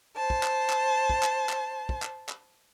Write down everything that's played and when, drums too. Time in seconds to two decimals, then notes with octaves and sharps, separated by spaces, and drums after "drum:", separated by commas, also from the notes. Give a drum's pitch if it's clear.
0.17 C5 A5
0.30 drum: kick
0.43 drum: clap
0.70 drum: clap
1.10 drum: kick
1.23 drum: clap
1.49 drum: clap
1.89 drum: kick
2.02 drum: clap
2.29 drum: clap